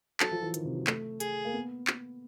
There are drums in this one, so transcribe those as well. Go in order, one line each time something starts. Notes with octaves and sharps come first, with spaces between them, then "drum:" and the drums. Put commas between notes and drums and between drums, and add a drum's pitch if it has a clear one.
F#3 A4, drum: clap
F3
E3
D#3, drum: hi-hat
C3
F#3
A3, drum: clap
G#4, drum: hi-hat
A#3
B3
drum: clap